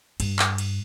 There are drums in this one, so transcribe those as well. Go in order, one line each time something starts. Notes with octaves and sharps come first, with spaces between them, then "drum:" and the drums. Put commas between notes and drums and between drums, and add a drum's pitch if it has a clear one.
G2, drum: cymbal
drum: clap
drum: cymbal